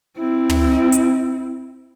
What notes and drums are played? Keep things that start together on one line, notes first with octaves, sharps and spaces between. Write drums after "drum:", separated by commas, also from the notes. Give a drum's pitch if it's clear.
C4 E4
drum: tom
drum: hi-hat